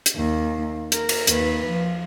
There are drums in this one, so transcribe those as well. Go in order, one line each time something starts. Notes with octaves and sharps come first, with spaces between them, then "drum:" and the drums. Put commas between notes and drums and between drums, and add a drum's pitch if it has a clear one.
drum: hi-hat
D#2
A#4, drum: hi-hat
drum: cymbal
D#2 B4, drum: hi-hat
F3